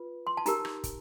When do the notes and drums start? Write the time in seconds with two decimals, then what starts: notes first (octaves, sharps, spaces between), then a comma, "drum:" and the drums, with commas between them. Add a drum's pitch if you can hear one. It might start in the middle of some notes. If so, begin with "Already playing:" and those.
Already playing: F4 B4
0.27 C6
0.37 A5
0.46 D#4 G4 A#4 A#5, drum: hi-hat
0.65 drum: rim click
0.84 drum: kick, hi-hat